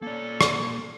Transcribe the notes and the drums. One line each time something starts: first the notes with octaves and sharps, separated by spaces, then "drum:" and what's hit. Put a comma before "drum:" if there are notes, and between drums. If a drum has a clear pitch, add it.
A#3 C#4 A4 D5
drum: rim click